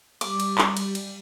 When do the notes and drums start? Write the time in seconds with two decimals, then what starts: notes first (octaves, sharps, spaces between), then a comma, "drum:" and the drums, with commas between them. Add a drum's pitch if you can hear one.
0.21 G3 D6, drum: cymbal
0.40 drum: cymbal
0.58 drum: clap
0.77 drum: cymbal
0.95 drum: cymbal